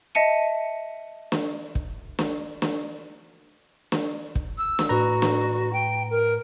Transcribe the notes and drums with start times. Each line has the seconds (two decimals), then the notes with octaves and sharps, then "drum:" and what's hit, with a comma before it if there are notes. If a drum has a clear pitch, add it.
0.15 D#5 E5 A5 C#7 D#7
1.32 drum: snare
1.75 drum: kick
2.19 drum: snare
2.62 drum: snare
3.92 drum: snare
4.35 drum: kick
4.57 E6
4.79 drum: snare
4.89 A2 F#4 B4 A#5
5.22 drum: snare
5.72 G5
6.10 A#4